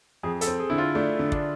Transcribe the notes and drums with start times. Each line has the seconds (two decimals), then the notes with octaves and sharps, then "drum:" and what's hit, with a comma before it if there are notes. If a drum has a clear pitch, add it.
0.23 F2 G#4
0.41 A4, drum: hi-hat
0.47 C4
0.60 G#4
0.70 D3 E4
0.78 F4
0.95 A3 D4
1.19 D3
1.32 D4, drum: kick